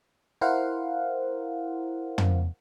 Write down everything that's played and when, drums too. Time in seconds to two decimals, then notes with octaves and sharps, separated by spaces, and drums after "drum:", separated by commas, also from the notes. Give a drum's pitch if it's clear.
0.41 E4 A#4 C5 F5 F#5
2.18 drum: tom